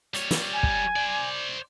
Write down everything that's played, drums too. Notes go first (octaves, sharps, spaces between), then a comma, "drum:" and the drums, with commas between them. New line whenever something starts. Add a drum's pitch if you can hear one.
G3 C#5, drum: hi-hat
drum: snare
G#5
drum: kick
C5 D5